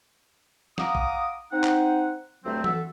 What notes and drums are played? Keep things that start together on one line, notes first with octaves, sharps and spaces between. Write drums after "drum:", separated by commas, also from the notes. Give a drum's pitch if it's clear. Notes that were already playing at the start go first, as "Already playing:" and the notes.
F5 F#5 A#5 D6 D#6, drum: snare
drum: kick
C4 D#4 F#5
drum: clap
D2 G2 F#3 A3 C4
F#4 A4 E5, drum: tom E3